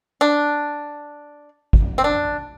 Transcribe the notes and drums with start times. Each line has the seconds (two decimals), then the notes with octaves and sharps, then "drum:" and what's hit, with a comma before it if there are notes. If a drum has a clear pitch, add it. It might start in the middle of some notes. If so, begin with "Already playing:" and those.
0.21 D4
1.73 drum: kick
1.98 C4
2.04 D4